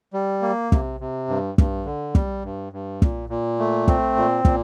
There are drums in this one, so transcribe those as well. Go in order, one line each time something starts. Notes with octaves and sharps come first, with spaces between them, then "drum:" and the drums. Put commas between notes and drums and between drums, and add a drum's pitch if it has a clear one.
G3
A#3
C3, drum: kick
C3
G2
G2, drum: kick
D3
G3, drum: kick
G2
G2
A#2, drum: kick
A#2
A3
C4, drum: kick
A#2
A#2, drum: kick